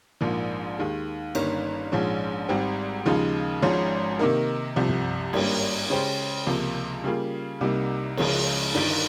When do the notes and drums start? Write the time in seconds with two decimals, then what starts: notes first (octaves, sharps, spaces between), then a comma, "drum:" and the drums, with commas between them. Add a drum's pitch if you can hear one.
0.21 A#1 G#2 F3 A#3 F4
0.78 D#2 D#3 G#3
1.35 G1 G2 D#3 A#3 C#4, drum: cymbal
1.92 A#1 G#2 F3 G#3 C#4
2.49 G#1 G#2 G3 C4
3.06 D#2 C#3 F3 G#3 D#4
3.62 G#1 G#2 F3 G#3 C#4
4.19 C3 D#3 A#3 D#4 A#4
4.76 C2 C3 F3
4.89 drum: tom
5.33 G#1 G2 G3 A#3 C#4, drum: cymbal
5.90 C#3 G#3 C#4 G4 C5
6.47 C#2 C3 F3 A#3
7.04 C#3 G3 A#3 F4 G#4
7.61 C2 C3 G3 A#3 D#4
8.17 C#2 C#3 F3 G#3 C#4, drum: cymbal
8.74 G1 G2 D#3, drum: cymbal